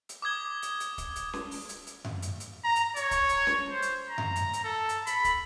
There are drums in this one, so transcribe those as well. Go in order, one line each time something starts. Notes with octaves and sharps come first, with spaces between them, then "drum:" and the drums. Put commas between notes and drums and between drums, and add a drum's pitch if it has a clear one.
drum: hi-hat
D6 D#6 G#6 G7
drum: hi-hat
drum: hi-hat
drum: kick, hi-hat
drum: hi-hat
drum: snare C#4
drum: open hi-hat
drum: hi-hat
drum: hi-hat
drum: tom F#2
drum: hi-hat
drum: hi-hat
A#5
drum: hi-hat
C#5, drum: hi-hat
drum: kick, hi-hat
drum: hi-hat
drum: snare C#4
C5
drum: hi-hat
A#5
drum: tom F#2
drum: hi-hat
drum: hi-hat
A4
drum: hi-hat
B5, drum: hi-hat
drum: kick, hi-hat